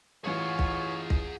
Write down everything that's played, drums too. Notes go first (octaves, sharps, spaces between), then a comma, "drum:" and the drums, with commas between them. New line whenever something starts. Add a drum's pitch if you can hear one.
A1 E3 F4 G#4 C#5 F#5
drum: kick
drum: kick